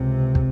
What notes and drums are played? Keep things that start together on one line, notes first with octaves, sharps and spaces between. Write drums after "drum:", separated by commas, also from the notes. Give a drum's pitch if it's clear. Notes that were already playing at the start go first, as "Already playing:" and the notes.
Already playing: C#2 C3
drum: kick